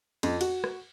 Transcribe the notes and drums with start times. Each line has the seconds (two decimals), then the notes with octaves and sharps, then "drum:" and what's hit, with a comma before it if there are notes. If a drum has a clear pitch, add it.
0.23 F2, drum: cymbal
0.41 F#4, drum: cymbal
0.64 drum: rim click